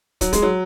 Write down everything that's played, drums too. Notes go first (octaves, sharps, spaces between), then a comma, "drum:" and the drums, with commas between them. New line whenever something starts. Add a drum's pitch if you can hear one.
F#3, drum: kick, hi-hat
G#3, drum: kick, hi-hat
F#3